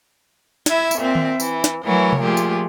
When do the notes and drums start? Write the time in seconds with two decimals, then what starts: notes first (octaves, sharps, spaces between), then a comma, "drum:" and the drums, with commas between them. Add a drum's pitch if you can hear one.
0.66 E4 E5 G#6, drum: snare
0.91 drum: tambourine
1.00 A#2 C4 E5
1.15 drum: tom D#3
1.40 E3, drum: tambourine
1.64 drum: snare
1.85 E3 F#3 A3 A#4 C#5
2.13 drum: tom C3
2.22 A#2 F3 A3 F4 G4 G#4
2.37 drum: tambourine